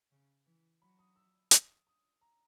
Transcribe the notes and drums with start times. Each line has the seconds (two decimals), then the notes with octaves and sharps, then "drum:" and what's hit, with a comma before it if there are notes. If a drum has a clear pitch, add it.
0.12 C#3
0.46 E3
0.81 F#3 B5
0.99 D#6
1.16 E6
1.51 D#6, drum: hi-hat
1.87 D#6
2.21 A#5